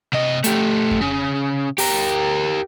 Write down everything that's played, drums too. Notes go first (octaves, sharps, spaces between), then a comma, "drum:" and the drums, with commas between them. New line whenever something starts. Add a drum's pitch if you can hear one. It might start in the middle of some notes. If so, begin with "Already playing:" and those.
C3 D#5
A3 G4, drum: hi-hat
drum: kick F2
C#3
G4 A#4, drum: open hi-hat